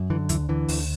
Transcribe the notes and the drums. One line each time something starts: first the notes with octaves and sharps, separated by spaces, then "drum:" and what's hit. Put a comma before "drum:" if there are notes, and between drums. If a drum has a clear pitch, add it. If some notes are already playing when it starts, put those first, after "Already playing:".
Already playing: F#2
D3 E3
D2 E3, drum: hi-hat
D3 E3
D2, drum: open hi-hat